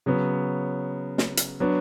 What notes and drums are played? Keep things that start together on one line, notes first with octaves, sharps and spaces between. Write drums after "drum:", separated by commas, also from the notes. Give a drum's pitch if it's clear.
C#3 F#3 B3
drum: snare
drum: hi-hat
F#3 B3 D4